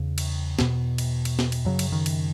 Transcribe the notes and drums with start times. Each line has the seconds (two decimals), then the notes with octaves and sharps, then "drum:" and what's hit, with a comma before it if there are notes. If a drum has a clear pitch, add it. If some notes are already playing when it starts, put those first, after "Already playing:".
Already playing: E2 C#3
0.18 drum: cymbal
0.59 E2 B2, drum: snare
0.98 drum: cymbal
1.25 drum: cymbal
1.39 drum: snare
1.52 drum: cymbal
1.65 F#2 C#3 F#3
1.79 drum: cymbal
1.92 D#3
2.06 drum: cymbal